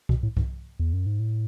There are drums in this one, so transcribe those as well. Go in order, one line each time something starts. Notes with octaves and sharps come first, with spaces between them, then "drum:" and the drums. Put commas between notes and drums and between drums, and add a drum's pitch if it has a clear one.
B2, drum: kick C2
A2
G#2, drum: kick C2
E2
F#2
G#2
A2